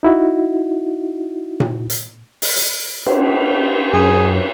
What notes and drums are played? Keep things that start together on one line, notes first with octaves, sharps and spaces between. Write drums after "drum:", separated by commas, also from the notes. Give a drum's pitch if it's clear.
D#4 E4 F#4
drum: tom A#2
drum: hi-hat
drum: open hi-hat
drum: hi-hat
drum: cymbal
F#2 G#4